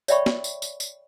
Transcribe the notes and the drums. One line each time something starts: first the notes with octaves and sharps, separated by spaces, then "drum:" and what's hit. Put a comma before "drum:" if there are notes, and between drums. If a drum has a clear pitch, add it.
C#5 D5 E5 G5 B5 C#6, drum: tambourine
drum: snare
drum: tambourine
drum: tambourine
drum: tambourine